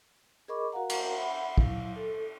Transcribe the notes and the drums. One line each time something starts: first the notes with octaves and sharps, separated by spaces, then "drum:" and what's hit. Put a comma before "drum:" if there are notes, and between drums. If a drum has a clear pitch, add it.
G#4 A#4 D#5 B5 C#6 D6
F#4 A#4 F5 F#5 A#5
drum: cymbal
E5 F#5 B5
F#3 E4 F5, drum: kick
A4